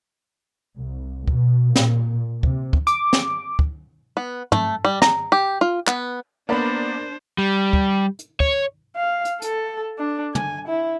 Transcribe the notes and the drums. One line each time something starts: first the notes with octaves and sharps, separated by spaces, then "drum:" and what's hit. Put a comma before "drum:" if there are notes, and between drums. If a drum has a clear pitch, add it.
C2
B2, drum: kick
A#2, drum: snare
C3, drum: kick
drum: kick
D6, drum: hi-hat
drum: snare
drum: kick
B3
A3, drum: tom
G3
A#5, drum: snare
G4
F4
B3, drum: clap
A#3 B3 D4 A#4 C5 D5 B5
G3
drum: kick
drum: hi-hat
C#5, drum: kick
F5
drum: hi-hat
A4, drum: hi-hat
D4
G#5, drum: tom
E4